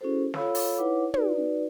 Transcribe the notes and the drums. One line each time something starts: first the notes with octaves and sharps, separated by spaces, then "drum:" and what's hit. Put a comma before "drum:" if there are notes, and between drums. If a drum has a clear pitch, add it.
C#4 E4 F#4 G#4 A4 C5
F4 A4 C#5 F5 B5 E6, drum: snare
drum: open hi-hat
D#4 E4 B4 C#5 F#5 D6
D#4 F#4 B4 D5, drum: tom